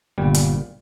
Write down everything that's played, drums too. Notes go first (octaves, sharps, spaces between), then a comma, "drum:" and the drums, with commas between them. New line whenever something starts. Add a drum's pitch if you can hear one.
G1 A#2 G3
drum: hi-hat